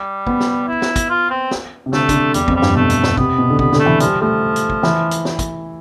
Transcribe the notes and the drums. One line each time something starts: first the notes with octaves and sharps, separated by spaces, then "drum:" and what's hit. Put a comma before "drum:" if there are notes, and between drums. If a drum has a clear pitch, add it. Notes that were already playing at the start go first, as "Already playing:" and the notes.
Already playing: G3
B3, drum: kick
drum: snare
E4
drum: snare
drum: kick, hi-hat
F4
C4
drum: snare
C3
D3 A3, drum: snare
D3, drum: kick, hi-hat
C3
E2 G3, drum: hi-hat
F2, drum: kick
G3
G2, drum: snare
B2 A3
drum: hi-hat
drum: snare
C3 B3, drum: kick
B2
D3
C3 B3, drum: kick
D3, drum: snare
A3
E3
F3 G3, drum: hi-hat
F3 A3
drum: hi-hat
drum: kick
E3, drum: snare
drum: hi-hat
drum: snare
drum: kick, hi-hat